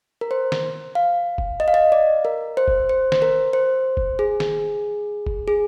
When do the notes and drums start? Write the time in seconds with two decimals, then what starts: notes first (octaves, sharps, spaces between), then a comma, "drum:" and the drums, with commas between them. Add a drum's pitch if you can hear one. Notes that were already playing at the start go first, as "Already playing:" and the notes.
0.21 A#4
0.31 C5
0.52 drum: snare
0.95 F5
1.38 drum: kick F1
1.60 D#5
1.68 F5
1.74 D#5
1.92 D5
2.25 A#4
2.57 C5
2.68 drum: kick F1
2.89 C5
3.12 C5, drum: snare
3.22 A#4
3.53 C5
3.97 drum: kick F1
4.19 G#4
4.40 drum: snare
5.26 drum: kick F1
5.48 G#4